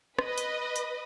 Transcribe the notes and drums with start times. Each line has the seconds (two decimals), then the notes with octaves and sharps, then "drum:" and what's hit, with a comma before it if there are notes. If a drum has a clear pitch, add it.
0.19 B4 D#5, drum: rim click
0.38 drum: hi-hat
0.76 drum: hi-hat